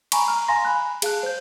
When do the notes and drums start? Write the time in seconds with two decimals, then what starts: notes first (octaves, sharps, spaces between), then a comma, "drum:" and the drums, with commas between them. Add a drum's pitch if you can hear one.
0.12 G#5 A#5 B5 C#6, drum: cymbal
0.28 A#5 F6
0.48 F5 G#5 A#5 C6 A#6
0.65 G#5 B5 F#6
1.02 G#4 F5 A5 F#6, drum: cymbal
1.23 C5 G6